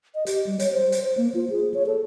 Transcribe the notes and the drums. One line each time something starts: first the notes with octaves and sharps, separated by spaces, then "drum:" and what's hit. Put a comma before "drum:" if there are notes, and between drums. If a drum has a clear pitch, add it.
D#5
G4, drum: hi-hat
G3
C#5, drum: hi-hat
C5
drum: hi-hat
C5
A#3
F4
G#4
C#5
A4